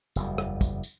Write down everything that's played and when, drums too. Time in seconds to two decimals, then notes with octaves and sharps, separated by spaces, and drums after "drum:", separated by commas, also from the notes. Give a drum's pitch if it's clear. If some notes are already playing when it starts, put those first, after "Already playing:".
0.16 F#1 E2 G3, drum: tambourine
0.38 drum: rim click
0.61 drum: kick, tambourine
0.83 drum: tambourine